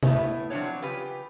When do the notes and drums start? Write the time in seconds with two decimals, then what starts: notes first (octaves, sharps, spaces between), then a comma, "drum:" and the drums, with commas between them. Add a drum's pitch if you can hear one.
0.03 A2 A3 B3 D#4 E4, drum: tom
0.50 F3 F#3 C4 D4 F#4 C#5
0.82 C#3 F4 G4 B4